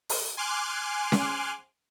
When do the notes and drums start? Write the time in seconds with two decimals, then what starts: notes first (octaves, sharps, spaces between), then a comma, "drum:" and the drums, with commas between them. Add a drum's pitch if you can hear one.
0.09 drum: open hi-hat
0.37 G#5 C6 D6 F6 F#6
1.12 drum: snare C#4